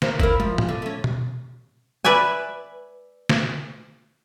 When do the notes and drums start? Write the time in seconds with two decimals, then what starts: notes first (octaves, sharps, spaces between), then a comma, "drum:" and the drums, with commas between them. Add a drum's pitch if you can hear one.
0.02 A#3 A#4 C5, drum: snare
0.20 E4 A#4, drum: kick
0.40 F3, drum: tom
0.58 drum: tom
0.69 D3
0.82 A3 C#4
1.04 drum: tom B2
2.05 B4 D5 E5 G#5
3.29 drum: snare